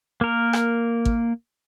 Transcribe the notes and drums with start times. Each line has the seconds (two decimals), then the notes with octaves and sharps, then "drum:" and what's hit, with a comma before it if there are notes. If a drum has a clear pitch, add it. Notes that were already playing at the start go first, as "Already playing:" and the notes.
0.21 A#3 A#4
0.53 drum: rim click
1.05 drum: kick